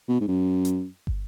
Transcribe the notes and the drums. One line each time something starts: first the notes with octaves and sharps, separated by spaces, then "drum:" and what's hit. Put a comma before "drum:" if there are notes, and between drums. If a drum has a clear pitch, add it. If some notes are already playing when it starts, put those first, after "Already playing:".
B2
G#2
F#2
drum: hi-hat
drum: kick